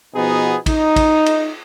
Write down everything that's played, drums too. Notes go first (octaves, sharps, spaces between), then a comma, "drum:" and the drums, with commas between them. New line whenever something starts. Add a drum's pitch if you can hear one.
B2 F3 B3 D#4 G#4
D#4, drum: kick, cymbal
drum: kick, cymbal
drum: cymbal